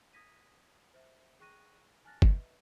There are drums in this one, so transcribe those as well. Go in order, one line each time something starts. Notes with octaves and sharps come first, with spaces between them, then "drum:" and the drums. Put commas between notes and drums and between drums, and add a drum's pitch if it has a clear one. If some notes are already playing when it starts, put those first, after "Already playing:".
D#6 G#6 A#6 B6 D#7
C5 E5
G#4 G5 C#6 F#6 A#6 D#7
G#5 A5 F6 F#6 A6 A#6
B4 D#5 E5, drum: kick G1